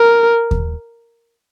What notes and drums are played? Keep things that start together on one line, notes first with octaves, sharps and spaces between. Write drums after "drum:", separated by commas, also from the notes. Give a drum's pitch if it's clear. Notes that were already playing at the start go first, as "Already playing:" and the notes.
Already playing: A#4
drum: kick D#2